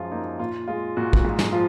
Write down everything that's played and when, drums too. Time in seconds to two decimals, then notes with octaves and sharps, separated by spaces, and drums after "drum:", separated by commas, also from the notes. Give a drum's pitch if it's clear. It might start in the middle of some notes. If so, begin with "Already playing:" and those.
Already playing: F#2 F3 G#3 F4
0.11 A#3 D#4
0.39 A#2 F4
0.68 G#3 F4
0.97 A#2 F#4
1.13 drum: kick
1.25 G#2
1.39 drum: snare
1.53 F3 F4